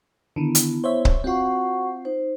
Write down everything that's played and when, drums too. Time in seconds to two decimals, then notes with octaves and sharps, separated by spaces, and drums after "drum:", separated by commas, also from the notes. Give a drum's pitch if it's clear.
0.36 D3 D#3 B3 E4
0.55 drum: hi-hat
0.84 C5 C#5 E5
1.05 drum: kick C#1
1.24 C4 F4 F#4 F#5 C#6
2.05 D#4 C5